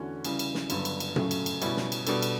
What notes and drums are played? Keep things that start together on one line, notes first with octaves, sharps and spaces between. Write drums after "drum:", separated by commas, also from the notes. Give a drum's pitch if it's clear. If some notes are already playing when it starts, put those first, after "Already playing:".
Already playing: E2 D3 A3 C#4 F#4
C#3 E3 G3, drum: cymbal
drum: cymbal
drum: snare
G2 D3 F#3 B3, drum: cymbal
drum: cymbal
drum: cymbal
F#2 C#3 F#3 A3, drum: tom A#2
drum: cymbal
drum: cymbal
B2 G3 C#4 E4, drum: cymbal
drum: snare
drum: cymbal
B2 G3 D4 A4, drum: cymbal
drum: cymbal